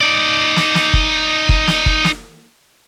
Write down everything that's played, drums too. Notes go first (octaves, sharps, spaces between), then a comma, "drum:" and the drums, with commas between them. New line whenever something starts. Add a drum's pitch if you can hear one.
D#4 D5
drum: snare
drum: snare
drum: kick
drum: kick
drum: snare
drum: kick
drum: snare